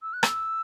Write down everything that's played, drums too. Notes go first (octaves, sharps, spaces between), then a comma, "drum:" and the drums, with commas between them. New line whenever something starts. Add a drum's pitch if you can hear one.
E6
F#6
E6, drum: rim click